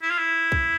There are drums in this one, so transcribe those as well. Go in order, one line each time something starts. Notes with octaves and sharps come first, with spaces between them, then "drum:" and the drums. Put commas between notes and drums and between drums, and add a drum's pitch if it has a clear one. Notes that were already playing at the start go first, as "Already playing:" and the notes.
E4
F4
E4
drum: kick C2